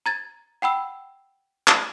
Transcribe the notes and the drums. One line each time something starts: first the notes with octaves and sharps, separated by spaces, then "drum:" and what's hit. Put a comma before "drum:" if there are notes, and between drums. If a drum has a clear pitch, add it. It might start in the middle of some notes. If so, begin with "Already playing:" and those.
A#5 G#6 A6
F#5 G5 B5 E6
drum: clap